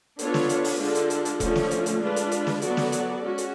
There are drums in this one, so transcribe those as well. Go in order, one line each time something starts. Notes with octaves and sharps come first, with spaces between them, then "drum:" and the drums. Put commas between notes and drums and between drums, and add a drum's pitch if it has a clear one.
B3 D4 F4 A4 C#5, drum: hi-hat
drum: snare
drum: hi-hat
drum: open hi-hat
D3 G#3 D4 F4 A4
drum: hi-hat
drum: hi-hat
drum: hi-hat
D3 F3 A3 C#4, drum: kick E1, hi-hat
drum: snare
drum: hi-hat
drum: hi-hat
G#3 D4 F4 B4
drum: hi-hat
drum: hi-hat
drum: snare
F#3 B3 F#4 A4 D5, drum: hi-hat
drum: snare
drum: hi-hat
G#3 C#4 F#4
drum: hi-hat